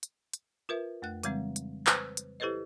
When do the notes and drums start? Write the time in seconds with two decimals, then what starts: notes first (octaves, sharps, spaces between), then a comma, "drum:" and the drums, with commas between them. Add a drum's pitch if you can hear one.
0.03 drum: hi-hat
0.33 drum: hi-hat
0.69 F4 A#4 B4 E5
1.02 F2 A3 F#6
1.23 C#3 E3 G3 G#3 C4, drum: hi-hat
1.56 drum: hi-hat
1.87 B4 C5, drum: clap
2.17 drum: hi-hat
2.40 E4 G4 A4 B4 C5 D#5